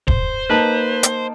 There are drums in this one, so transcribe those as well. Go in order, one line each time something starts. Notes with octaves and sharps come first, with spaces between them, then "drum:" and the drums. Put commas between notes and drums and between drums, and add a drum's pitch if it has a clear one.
C5, drum: kick
A#3 D#4 B4 A5
drum: hi-hat